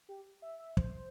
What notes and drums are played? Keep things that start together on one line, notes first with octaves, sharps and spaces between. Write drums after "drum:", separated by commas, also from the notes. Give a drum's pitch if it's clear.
G4
E5
E5
C5, drum: kick